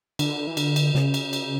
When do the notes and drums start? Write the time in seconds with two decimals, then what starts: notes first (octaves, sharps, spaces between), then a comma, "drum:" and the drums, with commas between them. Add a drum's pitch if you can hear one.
0.19 D3, drum: cymbal
0.47 E3
0.57 D3, drum: cymbal
0.76 drum: cymbal
0.95 C#3, drum: snare
1.14 drum: cymbal
1.33 drum: cymbal